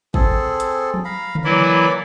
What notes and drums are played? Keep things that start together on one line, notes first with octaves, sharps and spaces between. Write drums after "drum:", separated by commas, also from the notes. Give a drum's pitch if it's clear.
C4 G#4 A4, drum: kick
drum: hi-hat
drum: tom F3
F5 A#5 B5
drum: tom C#3
E3 F#3 A#3 E4 D5 B5